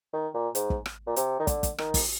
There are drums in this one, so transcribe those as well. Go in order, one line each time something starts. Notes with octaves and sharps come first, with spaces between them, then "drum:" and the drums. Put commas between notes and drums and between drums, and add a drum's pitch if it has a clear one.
D#3
A#2
G#2, drum: hi-hat
drum: kick
drum: rim click
A#2
C3, drum: hi-hat
D#3
D3, drum: kick, hi-hat
drum: kick, hi-hat
D#3, drum: rim click
drum: kick, open hi-hat